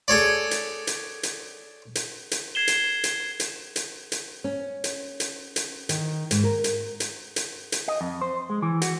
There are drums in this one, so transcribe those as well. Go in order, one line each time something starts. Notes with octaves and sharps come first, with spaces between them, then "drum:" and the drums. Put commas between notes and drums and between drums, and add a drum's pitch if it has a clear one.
G#4 A4 C#5 D5
drum: hi-hat
drum: hi-hat
drum: hi-hat
drum: hi-hat
drum: hi-hat
G#6 C7 E7 G7
drum: hi-hat
drum: hi-hat
drum: hi-hat
drum: hi-hat
drum: hi-hat
C#4
drum: hi-hat
drum: hi-hat
drum: hi-hat
D#3, drum: hi-hat
G#2, drum: hi-hat
A#4
drum: hi-hat
drum: hi-hat
drum: hi-hat
drum: hi-hat
D#5
F2
C5
G#3
E3
F#4, drum: hi-hat